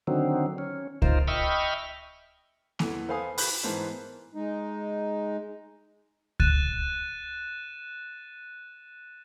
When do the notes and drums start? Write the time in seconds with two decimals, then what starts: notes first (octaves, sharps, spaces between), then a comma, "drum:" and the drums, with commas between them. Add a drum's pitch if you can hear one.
0.07 D3 D#3 F#3 C4
0.58 C#4
1.02 D#4 F4 A#4 C5, drum: kick C#2
1.28 D#5 E5 G5 B5 C#6 F6
2.79 E2 E3 A4, drum: snare A#3
3.08 A4 B4 C5 F5 G#5 D#6
3.38 B5 F#6 G6 F#7, drum: open hi-hat
3.63 G#2 E3 B3 A#4 C5 A5
4.35 G#3 D#4
6.40 F#6 A6 D#7 E7, drum: kick C#2